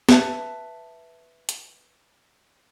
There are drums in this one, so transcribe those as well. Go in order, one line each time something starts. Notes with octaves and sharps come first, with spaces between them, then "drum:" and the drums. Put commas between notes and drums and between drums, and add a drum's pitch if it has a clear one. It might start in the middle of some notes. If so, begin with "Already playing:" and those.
B4 E5 A5, drum: snare
drum: hi-hat